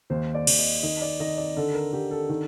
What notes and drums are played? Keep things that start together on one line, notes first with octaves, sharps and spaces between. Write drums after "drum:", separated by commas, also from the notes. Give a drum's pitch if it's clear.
D#2 C5
D5
D#2, drum: cymbal
D#5
D#3 D#5
D5
D#3 D#5
D5
D3 A4
A#4
D3 G4
A4
D#3